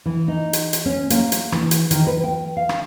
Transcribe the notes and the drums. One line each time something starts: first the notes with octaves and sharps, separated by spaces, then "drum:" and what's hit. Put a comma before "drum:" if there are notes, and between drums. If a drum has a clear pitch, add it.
E3
D#4
drum: hi-hat
drum: hi-hat
C#4
A#3, drum: hi-hat
drum: hi-hat
E3, drum: rim click
drum: hi-hat
D#3, drum: hi-hat
B4
G5
F5
drum: rim click